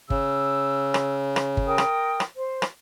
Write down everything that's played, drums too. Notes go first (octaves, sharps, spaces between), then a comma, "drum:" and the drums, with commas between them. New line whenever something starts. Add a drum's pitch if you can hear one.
C#3 E6, drum: kick G1
drum: rim click
drum: rim click
drum: kick G1
A#4 G5 D#6
drum: rim click
drum: rim click
C5
drum: rim click